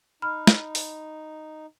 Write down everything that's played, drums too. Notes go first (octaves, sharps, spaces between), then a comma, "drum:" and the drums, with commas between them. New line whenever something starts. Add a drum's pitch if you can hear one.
D#4 B5 F6
drum: snare
drum: open hi-hat